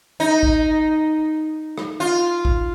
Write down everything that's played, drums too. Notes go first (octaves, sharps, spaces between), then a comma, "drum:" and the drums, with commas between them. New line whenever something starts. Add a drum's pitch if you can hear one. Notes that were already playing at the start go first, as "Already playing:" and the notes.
D#4
drum: kick
drum: rim click
F4
drum: kick